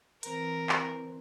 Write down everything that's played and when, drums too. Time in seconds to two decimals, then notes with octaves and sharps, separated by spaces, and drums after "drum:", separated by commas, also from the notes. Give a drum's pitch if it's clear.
0.23 D3 E3 C4 A#4, drum: hi-hat
0.69 drum: clap